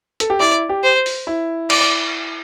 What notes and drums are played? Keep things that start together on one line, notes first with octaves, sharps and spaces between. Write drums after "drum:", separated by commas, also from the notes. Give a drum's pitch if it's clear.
A4, drum: hi-hat
G4
E4 D5
G4
C5
drum: open hi-hat
E4
D5, drum: cymbal